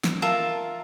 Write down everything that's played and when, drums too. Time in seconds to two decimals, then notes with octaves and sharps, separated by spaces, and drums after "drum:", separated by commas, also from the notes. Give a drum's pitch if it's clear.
0.04 drum: snare
0.22 F4 A#4 E5 A5